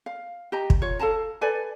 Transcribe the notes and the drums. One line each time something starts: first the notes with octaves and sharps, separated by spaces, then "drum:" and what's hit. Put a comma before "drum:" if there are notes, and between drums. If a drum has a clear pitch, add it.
F5
G4 D#5 A#5
drum: kick
F4 C#5
A4 F5 A5 A#5
A4 B4 D5 G#5